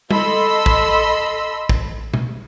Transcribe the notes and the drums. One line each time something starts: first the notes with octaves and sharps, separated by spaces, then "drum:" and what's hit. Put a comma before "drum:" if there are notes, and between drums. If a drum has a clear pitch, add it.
A4 D#5 B5 C6 E6, drum: tom
drum: kick
drum: kick
drum: tom B2